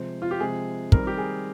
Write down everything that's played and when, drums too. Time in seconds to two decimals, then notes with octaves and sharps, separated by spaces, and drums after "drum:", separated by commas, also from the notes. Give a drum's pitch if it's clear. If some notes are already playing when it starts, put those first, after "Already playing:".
Already playing: C3 F3 G#3 C5
0.22 F4
0.31 G4
0.40 C3 F3 G#3 C4 G#4
0.92 D#3 G3 C4 A#4, drum: kick
1.07 G4
1.18 G#4